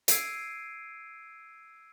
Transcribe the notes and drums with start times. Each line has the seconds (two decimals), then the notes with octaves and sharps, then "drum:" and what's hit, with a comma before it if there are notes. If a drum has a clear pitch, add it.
0.08 E6 G#6 C7 D7 D#7, drum: hi-hat